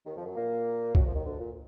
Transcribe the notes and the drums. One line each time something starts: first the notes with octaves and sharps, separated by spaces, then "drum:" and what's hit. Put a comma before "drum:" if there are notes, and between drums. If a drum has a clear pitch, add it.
D#2 D#3
F2 F3
F#2 F#3
A#2 A#3
F#2 F#3, drum: kick C2
F2 F3
D#2 D#3
D2 D3
A#2